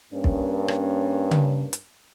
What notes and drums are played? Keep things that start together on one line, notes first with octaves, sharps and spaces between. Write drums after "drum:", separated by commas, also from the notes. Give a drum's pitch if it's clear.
G2 A#3 C#4
drum: kick
drum: rim click
drum: tom C#3
drum: hi-hat